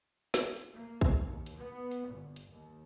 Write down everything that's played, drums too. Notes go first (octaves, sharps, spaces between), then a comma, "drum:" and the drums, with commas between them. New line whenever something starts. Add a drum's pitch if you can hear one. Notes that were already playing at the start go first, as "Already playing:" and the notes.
drum: snare
drum: hi-hat
A#3
drum: kick A#1
D#2
drum: hi-hat
B3
drum: hi-hat
G1
drum: hi-hat
D#2